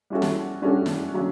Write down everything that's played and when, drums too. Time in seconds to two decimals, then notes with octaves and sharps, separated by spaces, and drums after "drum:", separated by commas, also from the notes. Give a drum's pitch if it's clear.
0.10 G3 C#4 E4 F#4 A4
0.22 drum: snare
0.62 G3 C#4 D4 F#4 A4
0.86 drum: snare
1.14 D3 F#3 C#4